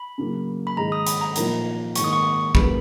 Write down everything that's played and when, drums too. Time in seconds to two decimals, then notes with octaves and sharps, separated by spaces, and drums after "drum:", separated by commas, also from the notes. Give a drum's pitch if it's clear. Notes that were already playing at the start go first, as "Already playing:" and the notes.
Already playing: B5
0.18 C#3 F#3 A#3
0.67 B5
0.76 G#2 D#3 G#3 D#4 G#4 A#5
0.92 D#6
1.07 B5, drum: hi-hat
1.21 A#5
1.36 A#2 F3 A#3 D#4 A#4 A#5, drum: hi-hat
1.95 G#2 D#3 A#3 C#6, drum: hi-hat
2.04 D#6
2.13 C#6
2.55 F#3 A#3 C#4 G#4 B4 B5, drum: kick A1